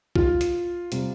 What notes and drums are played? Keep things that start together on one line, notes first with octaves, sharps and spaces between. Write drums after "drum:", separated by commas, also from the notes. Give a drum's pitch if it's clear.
F4, drum: kick B1
drum: hi-hat
C3 G3, drum: hi-hat